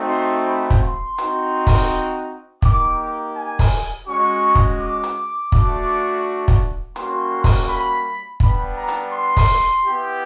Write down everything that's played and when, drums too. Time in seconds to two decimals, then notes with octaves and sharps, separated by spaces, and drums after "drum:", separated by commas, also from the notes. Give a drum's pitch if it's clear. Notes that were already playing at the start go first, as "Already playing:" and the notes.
Already playing: A3 C4 D#4 F#4
0.10 C6
0.46 B5
0.70 drum: kick, hi-hat
0.82 C6
1.18 C4 D#4 F#4, drum: hi-hat
1.67 drum: kick, open hi-hat
2.62 A#3 D#4 G4 D6, drum: kick, hi-hat
3.35 G#5
3.59 drum: kick, open hi-hat
4.07 G#3 C#4 F#4 C#6
4.55 drum: kick, hi-hat
4.80 D6
5.04 drum: hi-hat
5.52 A3 D4 F#4, drum: kick
6.48 drum: kick, hi-hat
6.96 G3 A#3 C#4 F#4 C6, drum: hi-hat
7.44 drum: kick, open hi-hat
7.69 B5
8.40 G3 B3 D4 B5, drum: kick
8.76 A#5
8.89 drum: hi-hat
9.13 C6
9.37 drum: kick, open hi-hat
9.85 B3 E4 G4